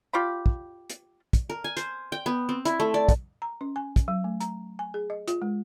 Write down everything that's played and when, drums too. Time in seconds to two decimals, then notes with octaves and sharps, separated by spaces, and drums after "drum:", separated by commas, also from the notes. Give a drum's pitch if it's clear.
0.13 F4 G4 D5 B5
0.46 drum: kick
0.90 drum: hi-hat
1.33 drum: kick, hi-hat
1.50 A#4
1.64 G#5
1.77 C5, drum: hi-hat
2.12 G5
2.26 B3
2.49 C4
2.65 E4, drum: hi-hat
2.80 A3
2.94 D5
3.09 drum: kick, hi-hat
3.42 A#5
3.61 C#4
3.76 G#5
3.96 drum: kick, hi-hat
4.08 F#3
4.24 A3
4.40 A#5, drum: hi-hat
4.79 G#5
4.94 G#4
5.10 D#5
5.28 F4, drum: hi-hat
5.42 G#3